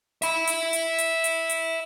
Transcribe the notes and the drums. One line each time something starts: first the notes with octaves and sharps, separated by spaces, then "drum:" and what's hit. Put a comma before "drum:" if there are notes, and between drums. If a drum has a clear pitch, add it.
E5 B5, drum: hi-hat
drum: hi-hat
drum: hi-hat
drum: hi-hat
drum: hi-hat
drum: hi-hat